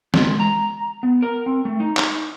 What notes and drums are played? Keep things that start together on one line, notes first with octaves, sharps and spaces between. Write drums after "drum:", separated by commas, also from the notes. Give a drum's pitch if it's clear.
G#3, drum: snare
A#5
B3
A#4
C4
A3
D#4
drum: clap